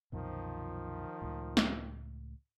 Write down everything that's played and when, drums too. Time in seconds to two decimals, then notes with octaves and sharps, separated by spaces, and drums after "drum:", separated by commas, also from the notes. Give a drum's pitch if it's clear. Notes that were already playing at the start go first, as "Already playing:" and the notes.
0.12 C2 F#2 B2 D#3 F3
1.22 C#2 A2
1.57 drum: snare